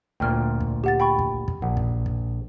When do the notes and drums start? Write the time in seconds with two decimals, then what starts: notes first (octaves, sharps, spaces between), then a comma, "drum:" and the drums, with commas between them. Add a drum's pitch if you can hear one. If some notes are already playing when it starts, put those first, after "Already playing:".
0.20 D2 A#2 G5 F6
0.61 drum: kick
0.84 G4 F#5 A6
1.00 G5 B5 C#6
1.19 drum: kick
1.48 drum: kick
1.62 A#1 F#5
1.77 drum: kick
2.06 drum: kick